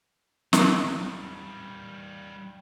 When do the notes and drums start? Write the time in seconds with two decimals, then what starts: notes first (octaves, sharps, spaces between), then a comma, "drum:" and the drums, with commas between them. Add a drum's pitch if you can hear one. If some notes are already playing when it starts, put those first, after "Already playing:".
0.53 G3 D#4, drum: snare